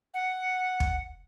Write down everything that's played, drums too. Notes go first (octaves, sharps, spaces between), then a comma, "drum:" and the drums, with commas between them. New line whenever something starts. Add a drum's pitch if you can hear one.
F#5
drum: kick